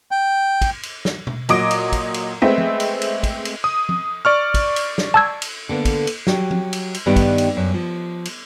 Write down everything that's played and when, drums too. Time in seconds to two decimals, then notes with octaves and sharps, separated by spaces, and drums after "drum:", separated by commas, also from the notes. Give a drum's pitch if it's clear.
0.11 G5
0.61 drum: kick, cymbal
0.83 drum: cymbal
1.05 drum: snare
1.27 drum: tom
1.49 A#2 F#3 D#5 D6 D#6 D7, drum: cymbal
1.71 drum: cymbal
1.92 drum: kick, cymbal
2.14 drum: cymbal
2.42 G#3 A3 B3 C4 E5
2.58 drum: tom F3
2.80 drum: cymbal
3.02 drum: cymbal
3.23 drum: kick, cymbal
3.45 drum: cymbal
3.64 D#6
3.89 drum: tom F3
4.25 D5 C#6 F6
4.54 drum: kick, cymbal
4.76 drum: cymbal
4.98 drum: snare
5.14 A5 E6 G#6
5.42 drum: cymbal
5.69 D3 A#3 B3
5.85 drum: kick, cymbal
6.07 drum: cymbal
6.27 F#3 G4, drum: snare
6.51 drum: tom F3
6.73 drum: cymbal
6.94 drum: cymbal
7.06 G2 D#3 B3 D#4 G4 D5
7.16 drum: kick, cymbal
7.38 drum: cymbal
7.57 F#2
7.74 F3
8.25 drum: cymbal